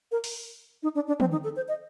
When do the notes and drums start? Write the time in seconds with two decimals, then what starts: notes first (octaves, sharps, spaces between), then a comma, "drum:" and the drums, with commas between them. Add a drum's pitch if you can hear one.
0.12 A#4
0.24 drum: open hi-hat
0.83 D#4
0.95 D4
1.08 D4
1.20 C4, drum: tom
1.32 D#4
1.44 A4
1.56 C5
1.68 D#5